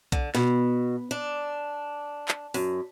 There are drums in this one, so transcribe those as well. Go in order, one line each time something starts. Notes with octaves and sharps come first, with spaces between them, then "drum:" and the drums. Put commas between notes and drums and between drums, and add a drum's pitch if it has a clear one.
D3, drum: kick B1
B2, drum: snare
D4
drum: clap
F#2, drum: open hi-hat